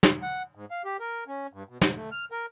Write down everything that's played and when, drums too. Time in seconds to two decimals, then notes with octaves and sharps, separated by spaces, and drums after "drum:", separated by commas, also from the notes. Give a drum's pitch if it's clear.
0.03 drum: snare
0.22 F#5
0.55 G#2
0.71 F5
0.85 G4
1.00 A#4
1.28 C#4
1.53 G2
1.69 B2
1.81 G#2, drum: snare
1.95 A3
2.12 F6
2.32 A#4